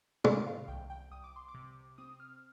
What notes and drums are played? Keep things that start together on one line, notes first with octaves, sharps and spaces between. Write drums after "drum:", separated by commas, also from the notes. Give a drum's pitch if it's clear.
D#3 D#5, drum: tom
F5
C2 G5
G5
C2 D#6
D6
C6
D6
C3
C4 D#6
F6